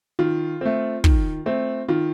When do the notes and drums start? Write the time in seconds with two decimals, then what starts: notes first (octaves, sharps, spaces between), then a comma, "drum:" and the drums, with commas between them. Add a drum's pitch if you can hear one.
0.19 D#3 F4
0.61 A3 C4
1.04 D#3, drum: kick
1.46 A3 C4
1.88 D#3 F4